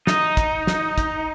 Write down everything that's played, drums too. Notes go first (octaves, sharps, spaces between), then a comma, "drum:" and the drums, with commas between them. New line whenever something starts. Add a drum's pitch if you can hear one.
D#4, drum: snare
drum: kick, hi-hat
drum: snare
drum: kick, hi-hat